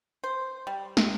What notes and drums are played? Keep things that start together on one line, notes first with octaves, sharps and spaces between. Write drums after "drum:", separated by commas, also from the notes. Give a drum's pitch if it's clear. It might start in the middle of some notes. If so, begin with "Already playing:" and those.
C5
G3
drum: snare